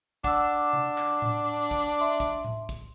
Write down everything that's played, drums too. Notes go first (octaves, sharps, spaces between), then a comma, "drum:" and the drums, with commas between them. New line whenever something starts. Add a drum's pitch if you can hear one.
D4 F#5 D6 E6, drum: kick, hi-hat
drum: tom C3
drum: clap
drum: tom A2
drum: kick, hi-hat
E5 C6
drum: kick, hi-hat
drum: tom A2
drum: kick, hi-hat